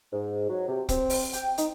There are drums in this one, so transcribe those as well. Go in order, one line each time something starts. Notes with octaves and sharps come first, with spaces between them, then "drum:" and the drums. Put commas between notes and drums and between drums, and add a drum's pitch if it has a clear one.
G#2
F#3
C3
C4, drum: kick, hi-hat
drum: open hi-hat
G5, drum: hi-hat
D#4, drum: hi-hat